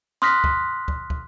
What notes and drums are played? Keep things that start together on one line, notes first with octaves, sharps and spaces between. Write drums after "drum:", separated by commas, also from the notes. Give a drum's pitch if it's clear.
C6 D#6 F6 F#6 A#6 B6, drum: snare
drum: kick
drum: kick
drum: kick